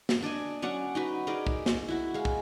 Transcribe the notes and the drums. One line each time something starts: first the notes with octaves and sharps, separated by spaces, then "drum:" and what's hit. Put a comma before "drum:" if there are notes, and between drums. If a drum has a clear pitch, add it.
drum: snare
D4 D5 D#5 G#5
F#3 C#4 D5 F#5
D#4 F#4 B4
D#4 G#4 A#4 D5
drum: kick
drum: snare
E4 F#4
G#3 F5
drum: kick